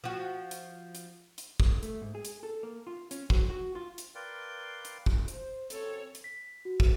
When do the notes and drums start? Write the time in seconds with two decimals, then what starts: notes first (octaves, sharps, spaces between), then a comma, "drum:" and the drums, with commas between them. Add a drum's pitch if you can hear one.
0.04 F3 F#4
0.51 drum: hi-hat
0.95 drum: hi-hat
1.38 drum: hi-hat
1.60 drum: kick
1.83 A3, drum: hi-hat
2.02 G#2
2.15 G#4
2.25 drum: hi-hat
2.43 A4
2.63 A#3
2.87 F4
3.11 C#4, drum: hi-hat
3.30 F#3, drum: kick
3.50 F#4
3.75 F4
3.98 drum: hi-hat
4.15 A#4 B4 D5 F5 G5 C6
4.85 drum: hi-hat
5.06 drum: kick
5.28 C5, drum: hi-hat
5.70 F#2 C#3 C4 A4 C#5, drum: hi-hat
6.15 drum: hi-hat
6.24 B6
6.65 F#4
6.80 drum: kick